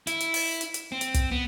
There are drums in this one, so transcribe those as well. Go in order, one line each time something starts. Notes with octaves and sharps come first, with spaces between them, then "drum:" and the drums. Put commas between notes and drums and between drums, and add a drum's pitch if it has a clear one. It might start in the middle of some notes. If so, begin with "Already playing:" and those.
E4, drum: hi-hat
drum: hi-hat
drum: open hi-hat
drum: hi-hat
drum: hi-hat
C4
drum: hi-hat
drum: kick, hi-hat
B3